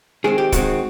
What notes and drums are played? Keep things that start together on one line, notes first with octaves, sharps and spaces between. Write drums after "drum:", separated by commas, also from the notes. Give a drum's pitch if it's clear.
D#3 G#3 C4 G#4
G4
D#3 G#3 C4 F#4, drum: kick D1, hi-hat